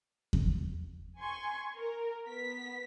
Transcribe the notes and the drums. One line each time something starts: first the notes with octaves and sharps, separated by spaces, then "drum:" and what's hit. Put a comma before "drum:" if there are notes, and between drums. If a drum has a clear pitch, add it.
drum: kick E2
G#5 C6 C#6
A#4
B3 B6